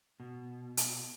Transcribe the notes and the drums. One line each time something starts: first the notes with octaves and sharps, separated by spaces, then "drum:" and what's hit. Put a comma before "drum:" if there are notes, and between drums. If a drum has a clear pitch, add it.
B2
drum: hi-hat